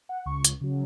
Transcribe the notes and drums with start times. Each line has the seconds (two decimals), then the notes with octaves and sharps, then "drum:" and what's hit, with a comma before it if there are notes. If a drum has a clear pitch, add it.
0.09 F#5
0.26 C#2 C#6
0.45 drum: hi-hat
0.61 C#3 F#3